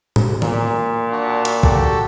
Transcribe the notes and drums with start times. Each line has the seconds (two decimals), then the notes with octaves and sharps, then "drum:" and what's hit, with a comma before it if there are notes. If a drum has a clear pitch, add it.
0.16 drum: tom
0.42 A#2, drum: tom
1.12 D4 F#4
1.45 drum: hi-hat
1.63 F#4 G4 A4, drum: kick